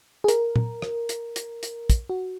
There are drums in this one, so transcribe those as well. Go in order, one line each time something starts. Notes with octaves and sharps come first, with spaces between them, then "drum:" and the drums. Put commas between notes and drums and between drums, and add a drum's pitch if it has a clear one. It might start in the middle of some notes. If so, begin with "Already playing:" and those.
G#4
A#4, drum: hi-hat
drum: tom A#2
drum: rim click
drum: hi-hat
drum: hi-hat
drum: hi-hat
drum: kick, hi-hat
F#4